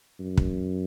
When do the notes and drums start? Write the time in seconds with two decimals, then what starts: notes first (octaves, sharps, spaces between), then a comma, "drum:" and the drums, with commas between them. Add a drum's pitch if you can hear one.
0.20 F#2
0.37 drum: kick